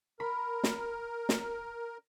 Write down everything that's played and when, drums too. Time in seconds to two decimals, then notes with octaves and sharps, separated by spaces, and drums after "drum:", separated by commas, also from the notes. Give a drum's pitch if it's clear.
0.20 A#4 B5
0.64 drum: snare
1.29 drum: snare